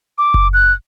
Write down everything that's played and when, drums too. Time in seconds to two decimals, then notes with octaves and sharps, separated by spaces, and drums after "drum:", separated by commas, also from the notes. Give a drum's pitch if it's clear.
0.18 D6
0.34 drum: kick F#1
0.53 F#6